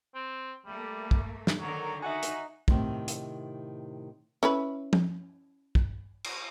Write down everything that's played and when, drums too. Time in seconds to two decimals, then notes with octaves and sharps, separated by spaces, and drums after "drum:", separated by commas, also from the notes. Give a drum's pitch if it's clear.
0.15 C4
0.66 G3 A3 A#3
1.11 drum: kick
1.47 drum: snare
1.60 D3 D#3 F#3 A#4
2.02 D#4 F#4 E5 F#5 G#5
2.23 drum: hi-hat
2.68 A2 C3 D#3, drum: kick
3.08 drum: hi-hat
4.43 C#4 E4 B4
4.93 drum: tom F3
5.75 drum: kick
6.24 drum: cymbal